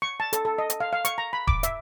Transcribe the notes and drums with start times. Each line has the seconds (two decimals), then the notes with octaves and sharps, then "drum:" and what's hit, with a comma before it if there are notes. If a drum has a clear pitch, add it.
0.02 C#6
0.20 A5
0.33 A4, drum: hi-hat
0.45 A4
0.58 D#5
0.70 drum: hi-hat
0.80 F5
0.93 F5
1.05 C#6, drum: hi-hat
1.18 A#5
1.33 B5
1.47 D6, drum: kick D#1
1.63 E5, drum: hi-hat